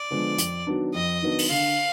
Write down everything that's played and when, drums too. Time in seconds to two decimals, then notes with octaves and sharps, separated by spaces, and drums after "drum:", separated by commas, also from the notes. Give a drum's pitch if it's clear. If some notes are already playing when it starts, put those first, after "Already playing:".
Already playing: D5
0.10 D3 F3 G#3 B3
0.38 F2, drum: hi-hat
0.67 D#3 F#3 B3 D4
0.94 F2 D#5
1.22 D#3 F#3 B3 D4
1.39 drum: open hi-hat
1.50 D3 F5